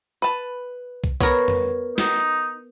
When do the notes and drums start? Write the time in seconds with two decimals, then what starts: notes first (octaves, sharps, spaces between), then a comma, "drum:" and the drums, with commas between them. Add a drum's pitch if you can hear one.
0.22 B4 A5
1.04 drum: kick
1.21 B3 A#4 C#5, drum: kick
1.48 drum: tom F2
1.98 D#4, drum: snare